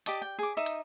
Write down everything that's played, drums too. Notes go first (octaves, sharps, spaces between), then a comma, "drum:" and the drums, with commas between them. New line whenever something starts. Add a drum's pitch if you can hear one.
G4 D5 D#5 A5, drum: hi-hat
G5
G#4 D6
D#4 E5 D#6
drum: hi-hat